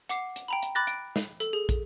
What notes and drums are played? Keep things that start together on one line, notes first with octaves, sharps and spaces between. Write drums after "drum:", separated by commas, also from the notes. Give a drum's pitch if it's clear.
F#5 D6 C7, drum: hi-hat
drum: hi-hat
G5 A#5 B5
drum: hi-hat
B5 D6 F#6 A6 A#6
D7, drum: hi-hat
drum: snare
A4, drum: hi-hat
G#4
drum: kick, hi-hat